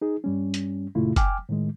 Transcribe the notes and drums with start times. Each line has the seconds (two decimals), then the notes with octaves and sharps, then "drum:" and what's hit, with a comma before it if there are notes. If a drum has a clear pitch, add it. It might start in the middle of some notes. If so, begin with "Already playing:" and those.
0.02 D#4 G#4
0.24 G2 G3 C#4
0.54 drum: hi-hat
0.95 F#2 A#2 C#3 A3 E4 F4
1.16 G5 G#5 D6 F6, drum: kick F#1, hi-hat
1.49 A2 D#3 G#3